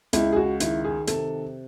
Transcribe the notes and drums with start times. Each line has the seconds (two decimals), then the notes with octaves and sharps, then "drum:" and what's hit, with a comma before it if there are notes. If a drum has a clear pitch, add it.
0.13 C#2 E4, drum: hi-hat
0.33 G#4
0.36 F#4
0.60 D#3 E4, drum: hi-hat
0.84 G#4
1.07 C3 A4, drum: hi-hat